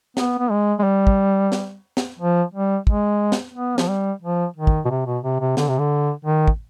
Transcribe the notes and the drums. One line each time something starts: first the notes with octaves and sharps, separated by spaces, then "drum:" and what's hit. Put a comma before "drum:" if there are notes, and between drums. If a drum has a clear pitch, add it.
B3, drum: snare
B3
G#3
G#3
G3
drum: kick
drum: snare
drum: snare
F3
G3
G#3, drum: kick
drum: snare
B3
F3, drum: snare
G3
F3
D#3
drum: kick
B2
C3
B2
C3
C3
D3, drum: snare
C3
D3
D#3
drum: kick